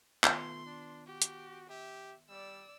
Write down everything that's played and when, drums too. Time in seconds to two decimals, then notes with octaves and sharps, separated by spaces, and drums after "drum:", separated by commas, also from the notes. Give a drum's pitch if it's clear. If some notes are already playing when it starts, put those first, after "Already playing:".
0.24 D#3 A3 B3 F4 C6, drum: clap
0.66 D4
1.06 F#4 G4
1.22 drum: hi-hat
1.69 G4 E5
2.29 G3 D5 E6